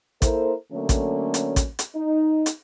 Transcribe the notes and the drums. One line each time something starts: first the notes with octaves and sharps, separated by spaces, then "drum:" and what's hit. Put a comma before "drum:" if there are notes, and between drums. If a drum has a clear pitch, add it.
A#3 E4 A4 A#4 C5, drum: kick A1, hi-hat
D3 F#3 A3 A#3 C#4
drum: kick A1, hi-hat
drum: hi-hat
drum: kick A1, hi-hat
drum: hi-hat
D#4
drum: hi-hat